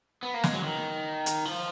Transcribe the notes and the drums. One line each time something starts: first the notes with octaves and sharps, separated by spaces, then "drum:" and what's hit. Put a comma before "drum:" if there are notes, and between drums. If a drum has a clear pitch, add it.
B3
A#3
G#3, drum: snare
F#3
D#3
drum: hi-hat
F3